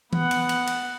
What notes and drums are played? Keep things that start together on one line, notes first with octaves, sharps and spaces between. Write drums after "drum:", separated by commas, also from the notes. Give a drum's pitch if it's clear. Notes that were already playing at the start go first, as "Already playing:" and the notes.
B3 F#5, drum: tom
drum: cymbal
drum: cymbal
drum: cymbal